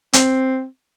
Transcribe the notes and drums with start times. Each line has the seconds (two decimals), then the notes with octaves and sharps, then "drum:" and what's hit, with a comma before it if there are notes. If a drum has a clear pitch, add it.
0.13 C4, drum: hi-hat